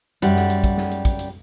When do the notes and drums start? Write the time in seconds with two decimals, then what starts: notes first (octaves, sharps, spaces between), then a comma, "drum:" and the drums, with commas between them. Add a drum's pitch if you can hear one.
0.22 F#2 G3 F#5, drum: hi-hat
0.36 drum: snare
0.50 drum: hi-hat
0.64 drum: kick, hi-hat
0.77 drum: snare
0.91 drum: hi-hat
1.05 drum: kick, hi-hat
1.19 drum: hi-hat